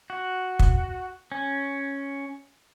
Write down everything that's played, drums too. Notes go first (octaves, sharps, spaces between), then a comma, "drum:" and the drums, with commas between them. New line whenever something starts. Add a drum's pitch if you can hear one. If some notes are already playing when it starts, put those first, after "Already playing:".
F#4
drum: kick
C#4